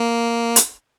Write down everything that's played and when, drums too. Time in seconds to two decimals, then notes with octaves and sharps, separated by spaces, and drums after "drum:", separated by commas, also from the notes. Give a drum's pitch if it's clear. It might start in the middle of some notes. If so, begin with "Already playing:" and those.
Already playing: A#3
0.56 drum: hi-hat